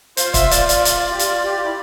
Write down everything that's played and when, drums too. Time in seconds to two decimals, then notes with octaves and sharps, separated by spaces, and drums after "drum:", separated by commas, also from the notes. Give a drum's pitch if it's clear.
0.17 F4 C5, drum: hi-hat
0.34 E5, drum: kick, hi-hat
0.51 D5, drum: hi-hat
0.69 D5, drum: hi-hat
0.85 drum: hi-hat
1.11 G4
1.19 F4, drum: hi-hat
1.44 G4
1.64 E4